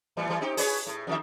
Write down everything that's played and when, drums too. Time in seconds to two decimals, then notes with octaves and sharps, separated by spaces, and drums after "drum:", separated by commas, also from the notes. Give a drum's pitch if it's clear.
0.17 A2 E3 G3
0.29 E3 G3 A3
0.41 C4 D#4 G4
0.57 G#4 B4 C#5, drum: open hi-hat
0.87 A2
1.07 F2 D#3 E5